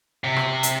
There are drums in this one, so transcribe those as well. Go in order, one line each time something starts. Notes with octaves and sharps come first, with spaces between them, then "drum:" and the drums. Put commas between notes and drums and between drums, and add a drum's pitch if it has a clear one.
C3
drum: rim click
drum: hi-hat